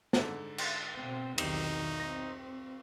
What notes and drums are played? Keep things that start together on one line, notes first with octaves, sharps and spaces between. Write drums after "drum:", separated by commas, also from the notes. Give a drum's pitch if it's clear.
G#2 D3 A4, drum: snare
drum: cymbal
B2 C4
B1 E2 D#3 C4 D#4 G4, drum: cymbal
C4 A#6